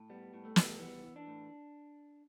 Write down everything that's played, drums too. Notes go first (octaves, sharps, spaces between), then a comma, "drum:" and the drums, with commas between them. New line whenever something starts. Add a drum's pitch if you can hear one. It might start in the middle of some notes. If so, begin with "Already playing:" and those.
Already playing: A2
G3 B3
A2
A3
G3, drum: snare
E3 B3
E3
D4
A2